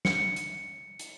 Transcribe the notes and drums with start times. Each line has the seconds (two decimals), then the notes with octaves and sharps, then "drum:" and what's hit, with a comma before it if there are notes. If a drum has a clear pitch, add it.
0.05 C#7, drum: snare
0.36 drum: hi-hat
0.99 drum: hi-hat